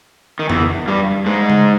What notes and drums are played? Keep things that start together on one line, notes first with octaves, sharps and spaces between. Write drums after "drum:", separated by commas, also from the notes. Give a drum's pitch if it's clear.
D#3
E2 E3, drum: tom F2
G2 G3
G#2 G#3
drum: tom C#3